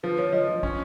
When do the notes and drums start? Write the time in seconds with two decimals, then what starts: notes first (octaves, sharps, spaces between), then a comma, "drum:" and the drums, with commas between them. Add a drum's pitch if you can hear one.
0.03 F3 B4
0.18 F3 C#5
0.33 F3 D#5
0.48 F3
0.63 C#4, drum: kick